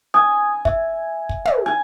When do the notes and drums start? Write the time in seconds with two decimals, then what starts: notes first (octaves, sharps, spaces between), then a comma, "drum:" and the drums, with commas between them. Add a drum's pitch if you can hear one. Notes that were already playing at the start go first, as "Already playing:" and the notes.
0.14 G#5 D#6
0.65 E5, drum: kick
1.29 drum: kick
1.45 drum: tom
1.66 G#5